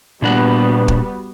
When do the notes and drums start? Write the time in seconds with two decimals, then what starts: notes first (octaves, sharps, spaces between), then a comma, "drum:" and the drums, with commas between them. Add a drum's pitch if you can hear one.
0.22 A#2 G3 B3 D4 F#4 F#5
0.88 drum: kick